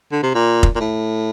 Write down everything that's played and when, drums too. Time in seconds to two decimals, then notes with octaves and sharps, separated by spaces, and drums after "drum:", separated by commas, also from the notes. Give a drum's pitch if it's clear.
0.12 D3
0.23 C3
0.34 A#2
0.63 drum: kick F1
0.75 A#2
0.80 A2